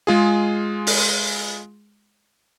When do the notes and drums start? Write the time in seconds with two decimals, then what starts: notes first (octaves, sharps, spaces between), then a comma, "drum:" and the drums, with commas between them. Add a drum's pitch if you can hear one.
0.07 G#3 F4 G#4
0.87 drum: open hi-hat